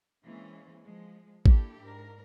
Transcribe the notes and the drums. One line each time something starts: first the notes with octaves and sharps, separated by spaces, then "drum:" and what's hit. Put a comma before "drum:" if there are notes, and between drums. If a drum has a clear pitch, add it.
E3 G#3 A#3 C4 C#4
F3 G#3
A#3 D4 E4 G4 A4, drum: kick
G#2 D4 A#4